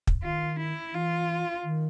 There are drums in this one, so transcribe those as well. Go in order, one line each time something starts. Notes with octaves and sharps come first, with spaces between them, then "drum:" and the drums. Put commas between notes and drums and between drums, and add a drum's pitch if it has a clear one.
drum: kick
D#3 F4
E4
E3 F4
D#3